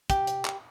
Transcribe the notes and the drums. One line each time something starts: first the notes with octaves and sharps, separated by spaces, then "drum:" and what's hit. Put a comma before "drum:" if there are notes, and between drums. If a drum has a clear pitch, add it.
G4, drum: kick, hi-hat
drum: hi-hat
drum: clap